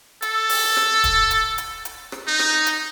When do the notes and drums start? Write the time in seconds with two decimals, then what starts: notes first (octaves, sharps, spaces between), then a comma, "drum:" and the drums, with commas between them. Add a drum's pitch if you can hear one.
0.22 A4, drum: hi-hat
0.49 drum: open hi-hat
0.77 drum: rim click
1.04 drum: kick, hi-hat
1.31 drum: hi-hat
1.58 drum: hi-hat
1.85 drum: hi-hat
2.12 drum: rim click
2.27 D#4
2.39 drum: rim click
2.66 drum: hi-hat